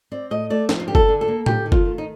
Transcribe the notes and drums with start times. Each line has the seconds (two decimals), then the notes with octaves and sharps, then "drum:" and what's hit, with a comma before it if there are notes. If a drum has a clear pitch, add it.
0.11 C4 D5
0.31 A2 D#5
0.50 A3 D5
0.69 F3, drum: snare
0.80 F4
0.88 D3 G4
0.95 A4, drum: kick F#1
1.08 D3
1.21 A4
1.28 A#3
1.46 A3 G4, drum: tom A2
1.66 D#3
1.72 F4, drum: kick F#1
1.85 D#3
1.98 D#4